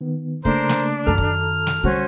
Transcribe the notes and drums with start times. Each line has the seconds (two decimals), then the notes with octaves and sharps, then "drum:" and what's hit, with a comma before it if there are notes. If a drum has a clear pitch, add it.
0.01 D#3 B3
0.45 C#3 A3 A#3 D4 A#4 C5, drum: kick
0.69 drum: snare
1.07 F#2 D#3 A4 A5 A#5 F6
1.18 drum: kick
1.67 drum: snare
1.83 D3 G3 C#4 F#4 C5